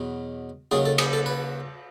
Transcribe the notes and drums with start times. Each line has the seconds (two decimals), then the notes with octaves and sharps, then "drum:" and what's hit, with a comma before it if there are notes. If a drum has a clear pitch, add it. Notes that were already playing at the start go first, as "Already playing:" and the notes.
Already playing: E2 B2 F#3
0.71 D#2 C#3 F#3 G#4
0.85 A4
0.98 G#4, drum: cymbal
1.13 A4
1.26 B4